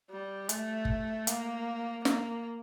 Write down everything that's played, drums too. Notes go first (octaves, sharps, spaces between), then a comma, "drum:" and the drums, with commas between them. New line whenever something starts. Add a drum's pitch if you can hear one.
G3
A3, drum: hi-hat
drum: kick
A#3, drum: hi-hat
A#3, drum: snare